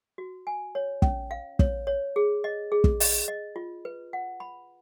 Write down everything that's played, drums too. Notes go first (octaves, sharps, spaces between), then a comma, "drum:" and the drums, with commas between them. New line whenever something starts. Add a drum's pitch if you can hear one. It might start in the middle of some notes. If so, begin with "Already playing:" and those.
F#4
G#5
C#5
C#4, drum: kick
F5
C#5, drum: kick
C#5
G#4
D#5
G#4
drum: kick
D#5, drum: open hi-hat
D#5
F4
B4
F#5
B5